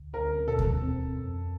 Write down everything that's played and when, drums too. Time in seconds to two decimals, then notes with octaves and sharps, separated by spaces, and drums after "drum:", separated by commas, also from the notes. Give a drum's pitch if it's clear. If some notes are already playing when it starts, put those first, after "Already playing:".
Already playing: D2
0.13 D2 A#4
0.47 B2 A4
0.59 drum: kick D#2
0.82 C4
1.16 F2